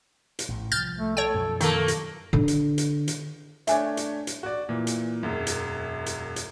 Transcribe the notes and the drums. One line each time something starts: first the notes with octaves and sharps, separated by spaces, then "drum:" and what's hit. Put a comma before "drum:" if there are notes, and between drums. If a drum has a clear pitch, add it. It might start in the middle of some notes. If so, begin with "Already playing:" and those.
drum: hi-hat
A1 A2
C2 F3 F6 G6 A6
A3
A4 C#5 G5
F#2 B2 F3
D#3 A3 A#3, drum: hi-hat
drum: hi-hat
D3
drum: hi-hat
drum: hi-hat
drum: hi-hat
A3 D4 C#5 E5 G#5, drum: hi-hat
drum: hi-hat
drum: hi-hat
F#4 D5
A#2 E3
drum: hi-hat
E1 F#2
drum: hi-hat
drum: hi-hat
drum: hi-hat